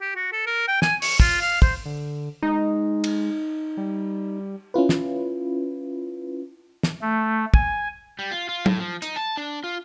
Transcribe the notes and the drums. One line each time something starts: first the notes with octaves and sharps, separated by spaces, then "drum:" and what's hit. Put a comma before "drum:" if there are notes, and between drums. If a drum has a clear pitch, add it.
G4
F#4
A4
A#4
G5
G#5, drum: snare
C#6, drum: open hi-hat
F4, drum: kick
F5
C5, drum: kick
D3
G#3 D#4
drum: cymbal
G3
C#4 E4 F4 B4
drum: snare
drum: snare
A3
G#5, drum: kick
G3
F4
F4
A2, drum: tom
F3
D#4, drum: hi-hat
A5
D4
F4